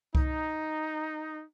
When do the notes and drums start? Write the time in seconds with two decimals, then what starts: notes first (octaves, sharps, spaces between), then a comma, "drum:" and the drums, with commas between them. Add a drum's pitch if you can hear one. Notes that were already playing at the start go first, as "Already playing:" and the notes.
0.15 D#4, drum: kick C2